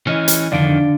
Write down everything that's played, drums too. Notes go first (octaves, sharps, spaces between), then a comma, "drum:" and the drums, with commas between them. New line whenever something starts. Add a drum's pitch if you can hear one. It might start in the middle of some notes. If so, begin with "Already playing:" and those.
E3 C#4 E4 D#5 F6
drum: hi-hat
F2 D3 D#3 D5 F5 D7